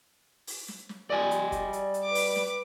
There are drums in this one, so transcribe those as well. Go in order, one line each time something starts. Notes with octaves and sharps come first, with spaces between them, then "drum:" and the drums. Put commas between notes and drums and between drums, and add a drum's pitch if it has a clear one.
drum: open hi-hat
drum: snare
drum: snare
G3 D5 D#5 G#5
drum: hi-hat
drum: kick F#1, hi-hat
drum: hi-hat
drum: hi-hat
B4 D6
drum: open hi-hat
drum: snare